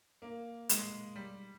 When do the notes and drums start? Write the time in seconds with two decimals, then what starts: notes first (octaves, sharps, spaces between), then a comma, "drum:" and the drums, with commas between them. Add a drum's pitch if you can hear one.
0.22 A#3
0.69 G#3, drum: hi-hat
1.16 G3